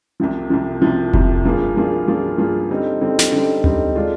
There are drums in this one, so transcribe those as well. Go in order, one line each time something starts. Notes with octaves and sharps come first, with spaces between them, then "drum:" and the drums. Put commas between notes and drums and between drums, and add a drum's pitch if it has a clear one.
C2 C3 F3
C2 C3 F3
C2 C3 F3
C2 C3 F3, drum: kick F1
G2 F3 A#3 F4 G#4
G2 F3 A#3 F4 G#4
G2 F3 A#3 F4 G#4
G2 F3 A#3 F4 G#4
D3 G3 C4 D#4
D3 G3 C4 D#4
drum: snare
D3 G3 C4 D#4, drum: tom C#4
D3 G3 C4 D#4, drum: tom D2
D3 G#3 D4 F4